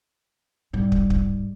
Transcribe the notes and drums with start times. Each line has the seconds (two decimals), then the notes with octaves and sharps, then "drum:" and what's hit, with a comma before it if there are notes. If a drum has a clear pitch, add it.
0.73 G#2 G3
0.92 drum: kick
1.10 drum: kick